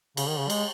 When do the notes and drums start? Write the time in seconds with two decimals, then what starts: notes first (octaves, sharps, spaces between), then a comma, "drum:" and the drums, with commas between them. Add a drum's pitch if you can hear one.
0.17 C#3, drum: cymbal
0.28 D#3
0.38 C#3
0.50 G#3, drum: cymbal